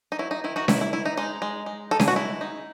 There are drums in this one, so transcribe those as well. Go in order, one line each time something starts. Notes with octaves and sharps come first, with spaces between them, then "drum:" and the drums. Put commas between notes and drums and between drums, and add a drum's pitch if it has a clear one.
D#4
F#3 E4
D#4
D#3 E4
D#4 F#4
D#3 E4, drum: snare C#4
E4
D#3 E4
D#4
G#3 D#4
G#3
G#3
D#4 A4
G#4, drum: snare C#4
F#4
G#3 E4
D#4